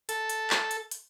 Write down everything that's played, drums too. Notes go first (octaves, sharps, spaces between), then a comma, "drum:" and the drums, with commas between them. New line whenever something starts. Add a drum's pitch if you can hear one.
A4, drum: hi-hat
drum: hi-hat
drum: clap
drum: hi-hat
drum: hi-hat